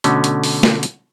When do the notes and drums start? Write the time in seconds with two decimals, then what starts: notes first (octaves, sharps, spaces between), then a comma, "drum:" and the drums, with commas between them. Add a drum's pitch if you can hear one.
0.04 B2 D3 A3 C#4, drum: hi-hat
0.24 drum: hi-hat
0.44 drum: open hi-hat
0.63 drum: snare
0.83 drum: hi-hat